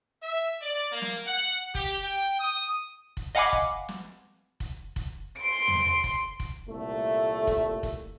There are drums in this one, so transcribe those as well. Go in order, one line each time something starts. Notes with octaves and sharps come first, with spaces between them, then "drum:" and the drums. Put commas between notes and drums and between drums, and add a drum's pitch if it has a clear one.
E5
D5
A#3
drum: snare
F#5
G4, drum: kick F1, hi-hat
G5
D#6
drum: kick F1, hi-hat
D#5 F5 F#5 G#5 B5 D6
drum: kick F1, hi-hat
drum: snare
drum: kick F1, hi-hat
drum: kick F1, hi-hat
C6 D7
drum: tom
drum: kick F1, hi-hat
drum: kick F1, hi-hat
C2 A#2 A3
drum: kick F1, hi-hat
drum: kick F1, hi-hat